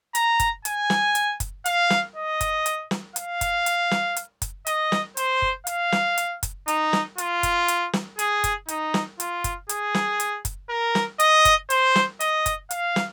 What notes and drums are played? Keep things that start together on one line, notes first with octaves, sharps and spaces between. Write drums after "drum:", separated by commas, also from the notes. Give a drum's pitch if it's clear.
A#5, drum: hi-hat
drum: kick, hi-hat
G#5, drum: hi-hat
drum: snare
drum: hi-hat
drum: kick, hi-hat
F5, drum: hi-hat
drum: snare
D#5
drum: kick, hi-hat
drum: hi-hat
drum: snare
F5, drum: hi-hat
drum: kick, hi-hat
drum: hi-hat
drum: snare
drum: hi-hat
drum: kick, hi-hat
D#5, drum: hi-hat
drum: snare
C5, drum: hi-hat
drum: kick
F5, drum: hi-hat
drum: snare
drum: hi-hat
drum: kick, hi-hat
D#4, drum: hi-hat
drum: snare
F4, drum: hi-hat
drum: kick, hi-hat
drum: hi-hat
drum: snare
G#4, drum: hi-hat
drum: kick, hi-hat
D#4, drum: hi-hat
drum: snare
F4, drum: hi-hat
drum: kick, hi-hat
G#4, drum: hi-hat
drum: snare
drum: hi-hat
drum: kick, hi-hat
A#4
drum: snare
D#5, drum: hi-hat
drum: kick, hi-hat
C5, drum: hi-hat
drum: snare
D#5, drum: hi-hat
drum: kick, hi-hat
F5, drum: hi-hat
drum: snare